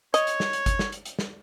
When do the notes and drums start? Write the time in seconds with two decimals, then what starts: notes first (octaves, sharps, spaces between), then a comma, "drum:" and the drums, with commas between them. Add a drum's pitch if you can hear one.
0.14 C#5 D#5, drum: hi-hat
0.27 drum: hi-hat
0.40 drum: snare
0.53 drum: hi-hat
0.66 drum: kick G1, hi-hat
0.79 drum: snare
0.92 drum: hi-hat
1.05 drum: hi-hat
1.19 drum: snare